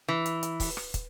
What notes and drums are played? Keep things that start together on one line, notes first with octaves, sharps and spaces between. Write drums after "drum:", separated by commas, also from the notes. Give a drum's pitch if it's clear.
E3
drum: hi-hat
drum: hi-hat
drum: kick, open hi-hat
drum: rim click
drum: kick, hi-hat